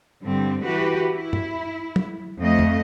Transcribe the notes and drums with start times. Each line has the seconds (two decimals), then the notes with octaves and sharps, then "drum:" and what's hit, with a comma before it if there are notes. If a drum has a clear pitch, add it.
0.23 G2 D3 G3 C4
0.64 E3 F#4 G4 B4
1.12 E4
1.33 drum: tom
1.96 drum: tom
2.40 F2 A3 D#5
2.59 drum: tom